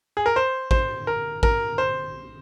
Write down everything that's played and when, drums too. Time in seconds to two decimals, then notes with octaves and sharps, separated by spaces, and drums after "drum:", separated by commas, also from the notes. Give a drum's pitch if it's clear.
0.17 G#4
0.26 A#4
0.36 C5
0.71 C5, drum: kick A1
1.07 A#4
1.43 A#4, drum: kick A1
1.78 C5